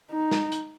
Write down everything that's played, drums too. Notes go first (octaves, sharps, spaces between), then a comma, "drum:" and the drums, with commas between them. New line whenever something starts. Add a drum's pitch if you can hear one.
D#4
drum: snare
drum: hi-hat